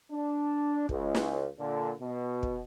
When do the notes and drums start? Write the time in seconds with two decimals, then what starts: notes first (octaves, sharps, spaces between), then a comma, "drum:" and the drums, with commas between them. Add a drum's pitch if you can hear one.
0.12 D4
0.89 C#2, drum: kick
1.15 drum: snare
1.60 A#2 D3
2.02 B2
2.43 drum: kick